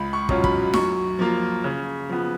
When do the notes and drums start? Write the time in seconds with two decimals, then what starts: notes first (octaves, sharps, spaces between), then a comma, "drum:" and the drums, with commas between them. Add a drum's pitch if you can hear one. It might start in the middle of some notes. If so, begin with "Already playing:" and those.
Already playing: C#2 B5
0.13 C#6
0.29 B2 F#3 C#4 F4, drum: kick
0.44 B5, drum: kick
0.74 F#2 C#6, drum: snare
1.19 F3 A#3 F4
1.64 C#3
2.09 F3 B3